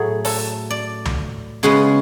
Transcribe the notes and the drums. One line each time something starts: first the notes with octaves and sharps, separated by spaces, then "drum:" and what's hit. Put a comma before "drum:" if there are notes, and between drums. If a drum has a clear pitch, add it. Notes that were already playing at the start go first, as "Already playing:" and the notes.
Already playing: A2 F#3 A3 G#4
A4, drum: open hi-hat
D5
drum: tom C#2
C#3 G#3 B3 F#4